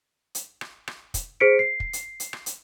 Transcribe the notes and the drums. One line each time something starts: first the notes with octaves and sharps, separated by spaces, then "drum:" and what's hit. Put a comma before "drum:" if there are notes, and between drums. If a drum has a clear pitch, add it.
drum: hi-hat
drum: rim click
drum: rim click
drum: kick, hi-hat
G#4 C5 B6 C#7 D7
C7
drum: kick
drum: hi-hat
drum: hi-hat
drum: rim click
drum: hi-hat